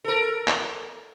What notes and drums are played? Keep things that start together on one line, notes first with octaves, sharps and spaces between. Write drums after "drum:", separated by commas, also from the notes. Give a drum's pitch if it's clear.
A4 A#4
drum: clap